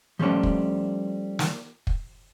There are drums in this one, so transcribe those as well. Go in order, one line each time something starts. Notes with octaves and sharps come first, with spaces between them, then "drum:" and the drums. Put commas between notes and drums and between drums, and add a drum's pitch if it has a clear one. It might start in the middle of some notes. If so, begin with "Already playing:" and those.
F3 G3 A3 C#4 D4
drum: kick
drum: snare
drum: kick